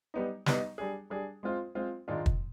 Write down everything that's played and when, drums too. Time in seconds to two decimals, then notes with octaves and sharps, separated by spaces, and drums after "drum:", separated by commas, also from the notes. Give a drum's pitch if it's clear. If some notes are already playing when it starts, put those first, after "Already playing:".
0.14 G3 B3 D#4
0.46 G3 B3 D#4, drum: snare
0.78 G3 D4 G#4
1.10 G3 D4 G#4
1.43 G#3 C4 F4 C5
1.75 G#3 C4 F4 C5
2.08 G#2 D#3 G#3 D4 F4
2.26 drum: kick